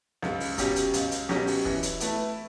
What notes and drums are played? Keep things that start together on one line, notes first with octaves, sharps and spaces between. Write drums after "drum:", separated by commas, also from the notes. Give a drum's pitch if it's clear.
C#2, drum: snare
drum: open hi-hat
B2 F#3 C#4 G4, drum: kick, hi-hat
drum: hi-hat
C#2, drum: hi-hat
drum: hi-hat
B2 F#3 C#4 G4, drum: snare
drum: open hi-hat
E3, drum: kick
drum: hi-hat
A3 E4 B4, drum: hi-hat